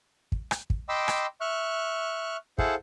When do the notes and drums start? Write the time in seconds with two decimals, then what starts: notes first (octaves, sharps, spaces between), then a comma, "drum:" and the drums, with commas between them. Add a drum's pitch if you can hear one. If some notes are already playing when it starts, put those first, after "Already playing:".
0.32 drum: kick
0.51 drum: rim click
0.70 drum: kick
0.89 D#5 G5 B5 C6 D6 E6
1.08 drum: rim click
1.41 E5 C#6 F6 F#6
2.58 E4 G#4 A4 C5 F5 F#5, drum: kick